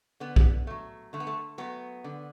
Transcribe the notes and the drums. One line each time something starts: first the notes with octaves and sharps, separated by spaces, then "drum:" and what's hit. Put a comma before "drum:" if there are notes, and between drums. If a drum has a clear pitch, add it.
D3 B3
drum: kick B1
F#3 A3
D3 A3
B3
A3
F#3 A3 B3
D3